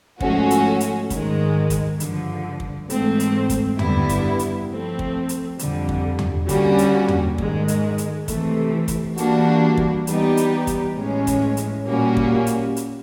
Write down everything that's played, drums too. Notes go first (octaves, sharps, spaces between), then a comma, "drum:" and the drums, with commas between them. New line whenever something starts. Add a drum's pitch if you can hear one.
G#2 F3 A3 C#4 F#4, drum: kick
drum: hi-hat
drum: hi-hat
G#2 D#3 G#3, drum: kick, hi-hat
drum: kick, hi-hat
G2 D3 F3, drum: hi-hat
drum: kick
G#2 E3 A3 C4, drum: hi-hat
drum: hi-hat
drum: kick, hi-hat
G2 D3 G3 B3 E4, drum: tom E2
drum: kick, hi-hat
drum: hi-hat
F3 A3 C4
drum: kick
drum: hi-hat
F2 D3 G3, drum: hi-hat
drum: kick
drum: tom E2
D3 G3 A#3 C#4 F#4, drum: kick, hi-hat
drum: hi-hat
drum: tom E2
G#2 D#3 G#3, drum: kick
drum: hi-hat
drum: hi-hat
C3 E3 A3, drum: kick, hi-hat
drum: kick, hi-hat
E3 G3 A#3 D4 F#4, drum: hi-hat
drum: kick
E3 G3 B3 D#4 G4, drum: hi-hat
drum: hi-hat
drum: kick, hi-hat
A2 E3 G#3 C#4
drum: kick, hi-hat
drum: hi-hat
A#2 G3 A#3 C#4 F#4
drum: kick
drum: hi-hat
drum: hi-hat